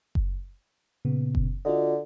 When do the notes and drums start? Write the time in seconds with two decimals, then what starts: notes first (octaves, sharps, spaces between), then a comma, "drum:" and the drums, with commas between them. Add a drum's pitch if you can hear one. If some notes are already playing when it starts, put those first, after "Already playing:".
0.15 drum: kick F#1
1.05 A#2 C#3 B3
1.35 drum: kick F#1
1.65 D3 F4 F#4 D#5